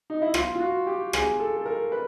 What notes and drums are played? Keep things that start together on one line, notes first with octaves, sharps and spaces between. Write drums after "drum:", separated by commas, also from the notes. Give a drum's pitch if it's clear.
D#4
E4
F4, drum: rim click
F4
F#4
G4
G#4, drum: rim click
A4
A4
A#4
B4